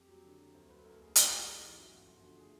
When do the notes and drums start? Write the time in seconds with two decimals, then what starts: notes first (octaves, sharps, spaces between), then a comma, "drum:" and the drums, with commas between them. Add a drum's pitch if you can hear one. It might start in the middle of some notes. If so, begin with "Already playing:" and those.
Already playing: F2 G4
0.09 F#3
0.24 D3
0.39 F#3
0.54 D2 C5
0.69 F#3 B4
0.81 A4
0.85 D2 A#4
1.00 D2 G#4
1.16 A1 G4, drum: hi-hat
1.32 G#3
1.47 G#2
1.62 E3
1.77 F#2 F#4
1.92 G1 F4
2.08 F3
2.18 F#4
2.23 D3
2.38 A3 G#4